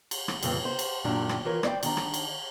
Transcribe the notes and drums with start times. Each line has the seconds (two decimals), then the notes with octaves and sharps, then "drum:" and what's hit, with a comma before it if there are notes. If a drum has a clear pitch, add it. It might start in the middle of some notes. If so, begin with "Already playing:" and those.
0.11 drum: cymbal
0.28 drum: rim click
0.43 F2 A#2 C#3 E3 G3, drum: cymbal
0.65 C5
0.79 drum: cymbal
1.04 F#2 A#2 D#3 F#3 D4 G4
1.29 drum: rim click
1.45 E3 F3 A#4 C#5
1.63 C5 D5 F5 G5, drum: rim click
1.83 D#3 D4 A#5, drum: cymbal
1.97 drum: rim click
2.14 drum: cymbal